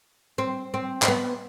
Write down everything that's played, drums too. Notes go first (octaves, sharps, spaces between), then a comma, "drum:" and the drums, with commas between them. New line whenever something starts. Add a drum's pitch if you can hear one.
C4
C4
C4, drum: clap
B3